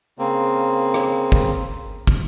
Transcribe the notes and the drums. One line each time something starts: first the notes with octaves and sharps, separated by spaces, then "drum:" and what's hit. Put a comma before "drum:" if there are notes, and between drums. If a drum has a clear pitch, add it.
C#3 A#3 C4
drum: rim click
drum: kick
drum: kick